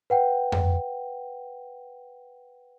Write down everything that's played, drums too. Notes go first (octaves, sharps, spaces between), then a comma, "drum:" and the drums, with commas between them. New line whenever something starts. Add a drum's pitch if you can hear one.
B4 F#5 G5
drum: tom F2